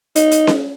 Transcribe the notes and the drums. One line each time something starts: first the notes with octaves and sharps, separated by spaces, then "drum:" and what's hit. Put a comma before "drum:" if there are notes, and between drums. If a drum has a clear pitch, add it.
D#4, drum: hi-hat
drum: hi-hat
drum: snare C#4